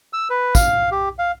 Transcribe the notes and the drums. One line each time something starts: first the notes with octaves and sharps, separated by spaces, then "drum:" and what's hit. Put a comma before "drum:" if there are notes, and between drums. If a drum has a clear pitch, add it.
E6
B4
F5, drum: kick, tambourine
G4
F5